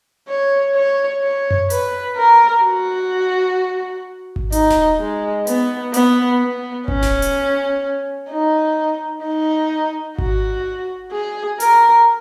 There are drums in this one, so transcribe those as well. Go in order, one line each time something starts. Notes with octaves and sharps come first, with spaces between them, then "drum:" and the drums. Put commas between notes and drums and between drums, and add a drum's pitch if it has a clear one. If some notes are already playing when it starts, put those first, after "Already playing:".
C#5
C#5
C#5
drum: tom F#2
B4, drum: hi-hat
A#4
F#4
drum: kick G#1
D#4, drum: hi-hat
drum: snare D#1
G#3
B3, drum: hi-hat
B3, drum: hi-hat
B3
C#4, drum: kick G#1
drum: snare D#1
drum: hi-hat
D#4
D#4
F#4, drum: kick G#1
G#4
A#4, drum: hi-hat